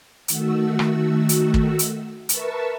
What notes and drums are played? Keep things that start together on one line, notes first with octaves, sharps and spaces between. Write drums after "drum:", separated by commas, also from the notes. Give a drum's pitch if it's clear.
D#3 A3 F#4 E6, drum: hi-hat
drum: rim click
drum: hi-hat
drum: kick
drum: hi-hat
A#4 B4 E5 A5 C#6 E6, drum: hi-hat